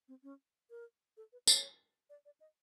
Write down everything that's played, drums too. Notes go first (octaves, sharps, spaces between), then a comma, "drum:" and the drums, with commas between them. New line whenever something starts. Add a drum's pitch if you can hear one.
C4
C#4
A#4
A4
B4
C#5, drum: tambourine
D5
D5
D#5